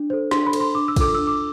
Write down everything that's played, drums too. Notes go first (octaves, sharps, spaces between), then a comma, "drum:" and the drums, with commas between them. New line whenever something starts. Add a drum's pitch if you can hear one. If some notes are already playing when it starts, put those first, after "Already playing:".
Already playing: D4
A4 C5
D4 C6, drum: snare
B5
A4 C5, drum: cymbal
C6
D4 D6
E6
F4 A4 D6, drum: kick, cymbal
D4 E6
D6